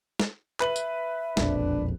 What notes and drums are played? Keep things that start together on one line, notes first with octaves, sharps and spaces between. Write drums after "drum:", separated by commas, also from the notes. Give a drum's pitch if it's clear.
drum: snare
B4 E5 F#7, drum: clap
drum: tambourine
E1 A#1 F2 D4, drum: snare